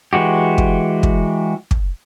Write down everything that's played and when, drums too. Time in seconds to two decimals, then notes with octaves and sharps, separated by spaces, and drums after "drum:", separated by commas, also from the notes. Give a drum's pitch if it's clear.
0.13 E3 G#3 F#4 G4
0.58 drum: kick
1.03 drum: kick
1.71 drum: kick